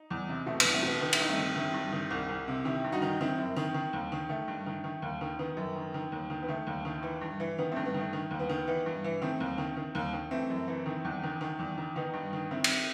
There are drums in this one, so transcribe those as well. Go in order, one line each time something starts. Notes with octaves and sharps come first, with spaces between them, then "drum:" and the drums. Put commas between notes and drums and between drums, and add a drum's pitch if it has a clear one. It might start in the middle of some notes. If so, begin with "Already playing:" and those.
Already playing: D#4
E2
C3
B2 A3 C4
E2 B3, drum: cymbal
A3 C4
B2 B3
D#3 B3
E4, drum: cymbal
G2 D#4
A3 C4
D#3
D#3 C4 E4
G2
D#3
C2
C2
C3
D#3 E4 G4
G2
D#4 F#4
D#3
D#3 C4 E4
F#2
D#3
D#3
D#2
D#3
D#3 A3
G2
D#3
D#3
D#2
D#3
D#3 B3
F#2
D#3
D#3
D#2
D#3
B3
D#3 A3
D#2
D#3
E3
G2
E3
D#3 B3
G2 A3 C4
B3
D#3 A3
D#3
D#2
B3
D#3
E3 B3
G2
E3
D#3 A3 C4
D#2
D#3
D#3
D#2
D#3
E3 A3 C4
F#2
E3
D#3
E2
D#3
D#3
E2
D#3
D#3 B3 D#4
G2
D#3
D#3 C4 E4
drum: cymbal